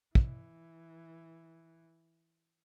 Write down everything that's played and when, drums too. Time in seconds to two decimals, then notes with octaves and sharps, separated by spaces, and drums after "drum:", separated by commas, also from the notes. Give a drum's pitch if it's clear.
0.15 E3, drum: kick